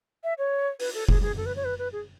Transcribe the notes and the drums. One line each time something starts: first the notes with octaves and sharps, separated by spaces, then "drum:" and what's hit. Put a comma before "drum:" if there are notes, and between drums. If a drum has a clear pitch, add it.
E5
C#5
B4, drum: open hi-hat
A4
G#4, drum: kick F1
G#4
A4
B4
C#5
B4
B4
G#4